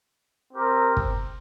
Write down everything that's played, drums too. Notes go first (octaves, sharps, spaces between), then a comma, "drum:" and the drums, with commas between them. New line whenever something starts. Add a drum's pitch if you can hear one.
C4 G4 A#4
drum: kick